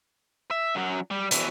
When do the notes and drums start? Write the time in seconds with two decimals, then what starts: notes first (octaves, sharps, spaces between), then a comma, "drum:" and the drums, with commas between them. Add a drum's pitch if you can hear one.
0.51 E5
0.75 F#2 F#3
1.11 G3
1.31 B2 E3, drum: hi-hat